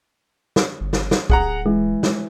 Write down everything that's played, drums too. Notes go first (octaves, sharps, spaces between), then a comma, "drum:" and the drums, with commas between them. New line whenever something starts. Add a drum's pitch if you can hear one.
drum: snare
G1
drum: snare
drum: snare
D1 G#4 F#5 A#5, drum: kick B1
E3 G#3
drum: snare